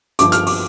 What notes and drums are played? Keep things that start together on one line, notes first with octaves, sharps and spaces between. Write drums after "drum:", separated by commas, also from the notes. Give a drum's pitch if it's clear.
G1 G2 F3 D6, drum: hi-hat
F6, drum: hi-hat
D6, drum: open hi-hat